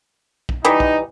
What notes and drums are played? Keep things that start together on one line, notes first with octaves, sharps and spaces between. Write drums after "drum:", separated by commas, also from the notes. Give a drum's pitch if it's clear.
drum: kick
E3 G3 D#4
drum: kick